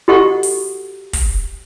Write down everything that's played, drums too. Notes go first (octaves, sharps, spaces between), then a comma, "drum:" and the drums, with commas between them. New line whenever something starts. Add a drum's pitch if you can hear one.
F#4 G4 A4 D#5 F#5 C#6
drum: open hi-hat
drum: kick, open hi-hat